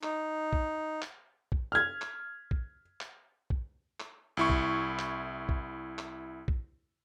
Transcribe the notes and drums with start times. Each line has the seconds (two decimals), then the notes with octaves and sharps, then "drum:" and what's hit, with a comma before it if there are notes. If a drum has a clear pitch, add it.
0.03 D#4, drum: clap
0.53 drum: kick A#1
1.02 drum: clap
1.52 drum: kick A#1
1.72 F6 G#6
2.01 drum: clap
2.51 drum: kick A#1
3.01 drum: clap
3.50 drum: kick A#1
4.00 drum: clap
4.37 C2 E4 C#6
4.50 drum: kick A#1
4.99 drum: clap
5.49 drum: kick A#1
5.98 drum: clap
6.48 drum: kick A#1